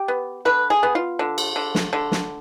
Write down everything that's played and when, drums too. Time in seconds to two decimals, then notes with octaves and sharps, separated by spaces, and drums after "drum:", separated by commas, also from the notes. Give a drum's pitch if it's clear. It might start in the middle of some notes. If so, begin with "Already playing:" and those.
Already playing: G4
0.08 B3
0.45 D3 B4
0.70 G#4
0.83 B3
0.95 F4
1.19 D3
1.38 drum: cymbal
1.56 D3
1.75 drum: snare
1.93 D3
2.12 drum: snare